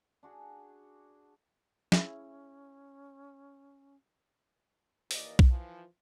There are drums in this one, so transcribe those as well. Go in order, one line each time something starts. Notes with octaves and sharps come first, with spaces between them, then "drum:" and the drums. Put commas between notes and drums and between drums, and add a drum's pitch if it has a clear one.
D4 F#4 G#4
C#4 E4 G#4, drum: snare
D#2 E3 A#3 D5 D#5, drum: open hi-hat
drum: kick B1
E3 F3